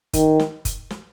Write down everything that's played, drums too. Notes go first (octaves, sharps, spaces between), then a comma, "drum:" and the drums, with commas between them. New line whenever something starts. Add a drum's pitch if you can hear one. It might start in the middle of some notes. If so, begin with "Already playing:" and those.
D#3, drum: kick F#1, hi-hat
drum: snare
drum: kick F#1, hi-hat
drum: snare